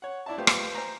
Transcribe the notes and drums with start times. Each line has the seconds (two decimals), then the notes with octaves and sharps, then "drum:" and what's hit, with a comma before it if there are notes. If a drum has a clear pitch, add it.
0.02 C#5 F#5
0.26 D4 E4 D5 E5 A5
0.38 A3 B3 F4 G4 C5
0.47 drum: rim click
0.75 C5 G#5 A#5